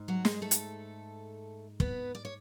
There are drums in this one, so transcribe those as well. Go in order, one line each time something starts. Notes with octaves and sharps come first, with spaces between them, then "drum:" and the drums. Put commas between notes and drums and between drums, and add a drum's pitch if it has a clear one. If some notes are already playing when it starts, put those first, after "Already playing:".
Already playing: G#2
F#3 F#4
G#3 G#4, drum: snare
A3 A4
drum: hi-hat
B3 B4, drum: kick
D5
C#5